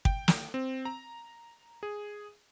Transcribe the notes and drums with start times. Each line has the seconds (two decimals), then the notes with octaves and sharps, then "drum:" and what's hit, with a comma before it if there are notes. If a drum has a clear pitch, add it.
0.05 G5, drum: kick
0.28 drum: snare
0.54 C4
0.85 A#5
1.83 G#4